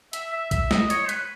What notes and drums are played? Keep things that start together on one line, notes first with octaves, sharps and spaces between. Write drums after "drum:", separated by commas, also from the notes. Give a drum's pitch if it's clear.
E5, drum: hi-hat
E5
E5, drum: kick, hi-hat
D#5, drum: snare
C#5, drum: hi-hat
B4, drum: hi-hat